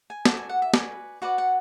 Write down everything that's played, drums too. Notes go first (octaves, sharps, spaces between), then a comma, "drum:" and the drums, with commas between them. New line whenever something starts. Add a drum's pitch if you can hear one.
G#5
F#4 A4 D5, drum: snare
G#5
F#5
E5
F#4 B4 D5 G#5, drum: snare
F#4 B4 D5 F#5
F#5